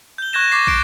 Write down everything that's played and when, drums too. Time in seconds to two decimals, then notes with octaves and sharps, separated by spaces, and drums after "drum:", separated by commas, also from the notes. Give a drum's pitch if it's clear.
0.18 G6 G7
0.33 C#6 F#6 G#6 A#6 E7
0.52 C#6 D6 A6 C7
0.67 C7 D7, drum: kick